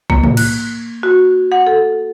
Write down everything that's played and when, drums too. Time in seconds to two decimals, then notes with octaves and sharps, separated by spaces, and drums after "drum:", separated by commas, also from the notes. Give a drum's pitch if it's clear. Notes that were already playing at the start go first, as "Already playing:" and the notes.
0.10 A#3, drum: kick B1
0.24 drum: tom A2
0.37 F#6, drum: cymbal
1.03 F#4
1.52 F#5
1.67 A4